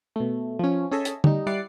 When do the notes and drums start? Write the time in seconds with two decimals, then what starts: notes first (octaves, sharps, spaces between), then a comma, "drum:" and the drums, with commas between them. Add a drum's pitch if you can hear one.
0.16 B2 A3
0.59 F3 C#4
0.91 C#4 G#4 A4 D#5 E5
1.05 drum: hi-hat
1.24 G3 D#4, drum: tom
1.47 G3 E4 D5 F#5 D6 C7